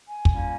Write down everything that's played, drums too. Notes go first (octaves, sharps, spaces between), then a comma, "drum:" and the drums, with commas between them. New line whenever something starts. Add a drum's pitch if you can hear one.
G#5
A#2 G3 A#3 C#4, drum: kick